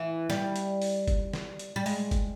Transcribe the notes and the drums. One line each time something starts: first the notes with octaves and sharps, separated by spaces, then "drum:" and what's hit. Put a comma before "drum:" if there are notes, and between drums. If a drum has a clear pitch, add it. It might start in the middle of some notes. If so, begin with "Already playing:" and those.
Already playing: E3
G3, drum: snare
drum: hi-hat
drum: open hi-hat
drum: kick, hi-hat
drum: snare
drum: hi-hat
G3
G#3, drum: open hi-hat
drum: kick, hi-hat